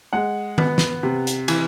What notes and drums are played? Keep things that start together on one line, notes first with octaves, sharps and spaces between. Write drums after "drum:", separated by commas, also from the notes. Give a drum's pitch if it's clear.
G#3 F#5
B3, drum: tom D#3
drum: snare
C3
drum: hi-hat
E3, drum: cymbal